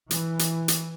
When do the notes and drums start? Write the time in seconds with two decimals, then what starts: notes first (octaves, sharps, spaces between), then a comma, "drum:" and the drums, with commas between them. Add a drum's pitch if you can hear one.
0.11 E3, drum: hi-hat
0.39 drum: hi-hat
0.68 drum: hi-hat